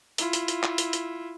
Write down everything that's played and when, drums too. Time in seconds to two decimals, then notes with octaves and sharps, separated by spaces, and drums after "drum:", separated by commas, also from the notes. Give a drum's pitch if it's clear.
0.18 E4 F4, drum: hi-hat
0.33 drum: hi-hat
0.48 drum: hi-hat
0.63 drum: clap
0.78 drum: hi-hat
0.93 drum: hi-hat